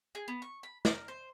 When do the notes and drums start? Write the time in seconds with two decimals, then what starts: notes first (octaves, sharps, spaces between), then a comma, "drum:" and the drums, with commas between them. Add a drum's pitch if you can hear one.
0.15 G#4
0.28 B3
0.42 C#6
0.63 B5
0.85 A#4, drum: snare
1.08 C5